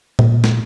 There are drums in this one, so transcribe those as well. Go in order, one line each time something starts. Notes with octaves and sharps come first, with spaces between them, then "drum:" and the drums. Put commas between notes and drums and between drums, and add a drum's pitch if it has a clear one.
A#2, drum: tom A#2
drum: snare